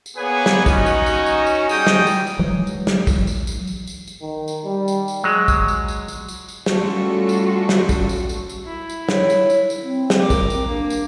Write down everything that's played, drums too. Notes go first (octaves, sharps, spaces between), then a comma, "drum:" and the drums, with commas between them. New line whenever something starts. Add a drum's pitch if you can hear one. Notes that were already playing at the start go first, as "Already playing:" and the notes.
drum: tambourine
A#3 B3 G#4 B4 C#5 G#5
drum: snare
C#4 D#4 F#4, drum: kick, tambourine
drum: tambourine
drum: tambourine
drum: tambourine
drum: tambourine
G3 D#4 F#4 G#4 G5 D#6, drum: tambourine
drum: snare
drum: tambourine
drum: tambourine
E3 F#3 G#3
drum: tambourine
drum: snare
drum: kick, tambourine
drum: tambourine
drum: tambourine
drum: tambourine
drum: tambourine
drum: tambourine
D#3
drum: tambourine
G3
drum: tambourine
drum: tambourine
F#3 G#3
drum: kick, tambourine
drum: tambourine
drum: tambourine
drum: tambourine
drum: tambourine
drum: tambourine
G3 A3 C#4 F4 F#4 A4, drum: snare
drum: tambourine
drum: snare
drum: kick, tambourine
drum: tambourine
drum: tambourine
drum: tambourine
E4
drum: tambourine
C#5, drum: snare
drum: tambourine
drum: tambourine
drum: tambourine
C4
drum: snare
A#4 D6
drum: kick, tambourine
drum: tambourine
A#3 D4
drum: tambourine